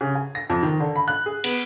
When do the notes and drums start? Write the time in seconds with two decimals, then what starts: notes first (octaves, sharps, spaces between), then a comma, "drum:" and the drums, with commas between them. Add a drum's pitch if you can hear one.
0.01 C#3
0.15 G#5
0.35 A#6
0.50 F2
0.63 D#3
0.80 D3
0.96 B5
1.08 F#6
1.26 G#4
1.44 B3, drum: cymbal